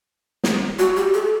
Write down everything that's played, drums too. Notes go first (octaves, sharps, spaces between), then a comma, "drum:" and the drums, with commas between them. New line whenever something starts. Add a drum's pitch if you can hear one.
drum: snare
F#4
G4
A4